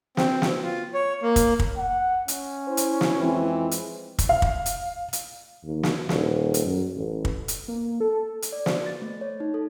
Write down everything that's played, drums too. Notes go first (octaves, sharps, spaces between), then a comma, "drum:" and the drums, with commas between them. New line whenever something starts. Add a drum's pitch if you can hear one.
C4, drum: snare
drum: snare
F4
C#5
A#3
drum: kick, hi-hat
drum: kick
F#5
C#4, drum: hi-hat
E4 C5
drum: hi-hat
drum: snare
F2 E3 G#3 C4
drum: hi-hat
drum: kick, hi-hat
F5
drum: kick
drum: hi-hat
drum: hi-hat
D#2
drum: snare
D#1, drum: snare
drum: hi-hat
F#2
A1
drum: kick
drum: hi-hat
A#3
A4
drum: hi-hat
D5
C5, drum: snare
A6
A3
C#5
D#4
A4